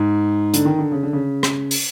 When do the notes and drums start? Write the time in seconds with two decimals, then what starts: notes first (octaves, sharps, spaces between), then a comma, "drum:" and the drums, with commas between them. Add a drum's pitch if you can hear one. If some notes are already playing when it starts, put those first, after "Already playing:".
Already playing: G#2
0.54 D3, drum: hi-hat
0.65 D#3
0.79 D3
0.92 C#3
1.03 D3
1.13 C#3
1.43 drum: rim click
1.71 drum: open hi-hat